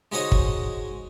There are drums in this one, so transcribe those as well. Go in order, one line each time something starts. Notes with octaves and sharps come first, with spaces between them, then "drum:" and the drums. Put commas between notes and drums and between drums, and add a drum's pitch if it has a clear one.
G#3 D#4 F#4 C5 C#5 D#5
drum: kick